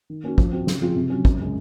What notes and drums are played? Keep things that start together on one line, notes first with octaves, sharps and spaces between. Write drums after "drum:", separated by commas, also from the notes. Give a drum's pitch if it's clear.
D#3
A#3 C#4 F#4
F3, drum: kick
C4 F#4
C#3, drum: snare
F3 C4 F4 G#4
C3
F#3 C#4
F#2, drum: kick
C#3 G#3 C#4